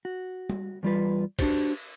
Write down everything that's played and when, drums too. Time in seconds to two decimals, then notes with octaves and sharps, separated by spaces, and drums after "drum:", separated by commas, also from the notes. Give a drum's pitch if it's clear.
0.05 F#4
0.50 drum: tom G3
0.83 E2 G3 F4 B4
1.39 D4 F#4 G4 C5, drum: kick, cymbal